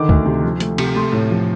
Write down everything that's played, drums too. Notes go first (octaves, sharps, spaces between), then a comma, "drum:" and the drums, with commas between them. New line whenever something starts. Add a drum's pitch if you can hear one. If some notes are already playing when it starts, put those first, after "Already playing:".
Already playing: D3 D#3 D6
D2, drum: kick C#2
C3
F3
A3, drum: hi-hat
C3, drum: cymbal
A3 C6
A2
F3